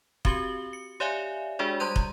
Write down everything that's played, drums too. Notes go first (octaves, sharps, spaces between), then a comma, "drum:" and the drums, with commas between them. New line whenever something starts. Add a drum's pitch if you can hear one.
C4 F#4 G4 F#7 G7, drum: kick
C#7
G4 C#5 D5 E5 F5 G#5
G#3 D4 F#4 G#4 D5
G3 A#5 C6 F#6 G6 D#7
drum: kick